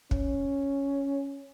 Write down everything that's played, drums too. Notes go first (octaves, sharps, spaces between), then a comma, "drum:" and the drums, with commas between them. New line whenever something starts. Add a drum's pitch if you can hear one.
C#4, drum: kick